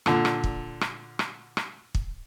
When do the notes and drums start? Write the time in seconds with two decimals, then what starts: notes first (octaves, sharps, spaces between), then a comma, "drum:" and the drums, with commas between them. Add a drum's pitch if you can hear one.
0.06 A#2 D3, drum: rim click
0.25 drum: rim click
0.44 drum: kick
0.81 drum: rim click
1.19 drum: rim click
1.57 drum: rim click
1.95 drum: kick